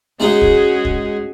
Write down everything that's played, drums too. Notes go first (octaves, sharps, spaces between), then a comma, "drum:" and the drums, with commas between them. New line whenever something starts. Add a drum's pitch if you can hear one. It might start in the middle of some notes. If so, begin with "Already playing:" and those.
G#3 C#4 D#4 F#4 G#4
drum: kick
drum: kick